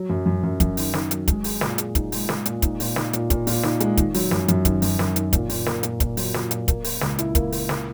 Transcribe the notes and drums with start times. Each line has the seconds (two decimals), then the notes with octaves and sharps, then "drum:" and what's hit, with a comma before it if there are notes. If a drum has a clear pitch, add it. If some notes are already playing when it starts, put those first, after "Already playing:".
Already playing: F#3
0.09 F#2
0.26 F#2
0.43 F#2
0.60 F#2, drum: kick, hi-hat
0.77 D#3, drum: open hi-hat
0.94 D#3, drum: snare
1.11 F#3, drum: hi-hat
1.28 G#3, drum: kick, hi-hat
1.44 G#4, drum: open hi-hat
1.61 A#2, drum: snare
1.78 G#4, drum: hi-hat
1.95 D#4, drum: kick, hi-hat
2.12 G#3, drum: open hi-hat
2.29 G#3, drum: snare
2.46 A#2, drum: hi-hat
2.62 D#4, drum: kick, hi-hat
2.80 A#2, drum: open hi-hat
2.96 D#4, drum: snare
3.13 A#2, drum: hi-hat
3.30 A#2, drum: kick, hi-hat
3.47 A#2, drum: open hi-hat
3.63 D#4, drum: snare
3.80 G#3, drum: hi-hat
3.97 D#3, drum: kick, hi-hat
4.14 F#3, drum: open hi-hat
4.31 F#2, drum: snare
4.48 F#2, drum: hi-hat
4.65 D#3, drum: kick, hi-hat
4.82 F#2, drum: open hi-hat
4.99 F#2, drum: snare
5.16 D#3, drum: hi-hat
5.33 A#2, drum: kick, hi-hat
5.50 A#2, drum: open hi-hat
5.66 A#3, drum: snare
5.83 A#2, drum: hi-hat
6.00 A#2, drum: kick, hi-hat
6.17 F#3, drum: open hi-hat
6.34 A#2, drum: snare
6.51 A#2, drum: hi-hat
6.68 A#3, drum: kick, hi-hat
6.84 A#3, drum: open hi-hat
7.01 C#2, drum: snare
7.19 E4, drum: hi-hat
7.35 A#3, drum: kick, hi-hat
7.52 A#3, drum: open hi-hat
7.69 drum: snare